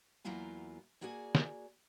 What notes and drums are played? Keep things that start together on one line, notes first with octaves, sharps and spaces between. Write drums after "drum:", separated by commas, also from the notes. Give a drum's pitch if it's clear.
E2 F#3 A#3 E4 F4 G#5
A#3 F#4 G#4 D5 F#5 G#5
drum: snare